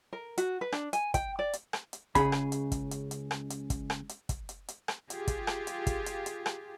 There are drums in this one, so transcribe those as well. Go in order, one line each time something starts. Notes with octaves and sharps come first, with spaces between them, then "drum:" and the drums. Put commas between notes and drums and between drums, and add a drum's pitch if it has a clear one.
A#4
F#4, drum: hi-hat
B4
D4, drum: rim click
G#5, drum: hi-hat
G5, drum: kick, hi-hat
D5
drum: hi-hat
drum: rim click
drum: hi-hat
C#2 C#3 G#4 B5, drum: kick, hi-hat
drum: rim click
drum: hi-hat
drum: kick, hi-hat
drum: hi-hat
drum: hi-hat
drum: rim click
drum: hi-hat
drum: kick, hi-hat
drum: rim click
drum: hi-hat
drum: kick, hi-hat
drum: hi-hat
drum: hi-hat
drum: rim click
F4 G4 G#4, drum: hi-hat
drum: kick, hi-hat
drum: rim click
drum: hi-hat
drum: kick, hi-hat
drum: hi-hat
drum: hi-hat
drum: rim click